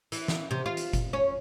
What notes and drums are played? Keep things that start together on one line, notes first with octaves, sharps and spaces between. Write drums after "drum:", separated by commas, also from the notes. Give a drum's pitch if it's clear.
E3, drum: hi-hat
drum: snare
C3
F4
drum: hi-hat
drum: kick F#1, hi-hat
C#4